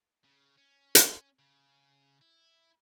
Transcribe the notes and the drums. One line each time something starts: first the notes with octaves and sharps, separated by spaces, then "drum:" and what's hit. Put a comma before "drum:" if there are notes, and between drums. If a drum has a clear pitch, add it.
C#3
C#4
drum: hi-hat
C#3
E4